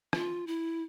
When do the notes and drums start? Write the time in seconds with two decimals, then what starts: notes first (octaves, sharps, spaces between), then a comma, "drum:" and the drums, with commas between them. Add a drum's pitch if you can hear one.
0.13 F4, drum: rim click
0.47 E4